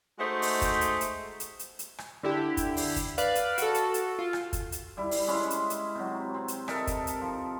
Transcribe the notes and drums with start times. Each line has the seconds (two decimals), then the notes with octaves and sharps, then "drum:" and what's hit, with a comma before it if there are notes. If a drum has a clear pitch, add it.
0.19 G#3 A3 D#4 F#4 C5
0.42 drum: open hi-hat
0.62 drum: kick, hi-hat
0.81 drum: hi-hat
1.01 drum: hi-hat
1.40 drum: hi-hat
1.59 drum: hi-hat
1.79 drum: hi-hat
1.98 drum: rim click
2.23 D3 E4 G4
2.57 drum: kick, hi-hat
2.77 drum: open hi-hat
2.96 drum: kick, hi-hat
3.18 B4 D5 F5, drum: hi-hat
3.35 drum: hi-hat
3.58 F#4 A4, drum: hi-hat
3.74 drum: hi-hat
3.94 drum: hi-hat
4.19 F4
4.33 drum: rim click
4.53 drum: kick, hi-hat
4.72 drum: hi-hat
4.97 G3 E4
5.11 drum: open hi-hat
5.27 G#3 C#4 E4
5.50 drum: hi-hat
5.70 drum: hi-hat
5.95 C3 F#3
6.34 C4
6.48 drum: hi-hat
6.68 A4 A#4 D#5 E5, drum: rim click
6.87 drum: kick, hi-hat
7.07 drum: hi-hat
7.21 F3